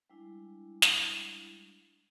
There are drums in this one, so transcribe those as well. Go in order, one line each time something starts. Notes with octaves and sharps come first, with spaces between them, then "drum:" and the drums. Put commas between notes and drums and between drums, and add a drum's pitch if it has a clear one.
G3 G#3 D4 E4
drum: snare